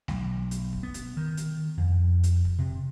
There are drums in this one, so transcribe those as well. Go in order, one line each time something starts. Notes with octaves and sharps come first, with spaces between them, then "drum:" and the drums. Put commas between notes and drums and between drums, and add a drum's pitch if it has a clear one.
B1, drum: snare A3
drum: hi-hat
drum: kick
B3
drum: hi-hat
D#3
drum: hi-hat
F2
drum: hi-hat
drum: kick
C3